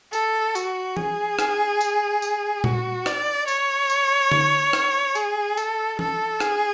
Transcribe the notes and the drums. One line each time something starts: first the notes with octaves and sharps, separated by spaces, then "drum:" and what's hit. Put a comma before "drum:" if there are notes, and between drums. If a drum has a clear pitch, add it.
A4, drum: tambourine
F#4, drum: tambourine
G#4, drum: tom E3
drum: rim click
drum: tambourine
drum: tambourine
F#4, drum: tom A#2
D5, drum: rim click
C#5, drum: tambourine
drum: tambourine
drum: tom D3
drum: rim click
G#4, drum: tambourine
A4, drum: tambourine
A4, drum: tom E3
G#4, drum: rim click